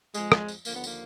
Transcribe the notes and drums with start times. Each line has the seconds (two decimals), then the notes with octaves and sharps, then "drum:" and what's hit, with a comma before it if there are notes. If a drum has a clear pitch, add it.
0.14 F2 F3 G#3, drum: tambourine
0.32 drum: rim click
0.49 drum: tambourine
0.65 D#2 D3 F3 A#3, drum: tambourine
0.74 B3
0.84 A#3, drum: tambourine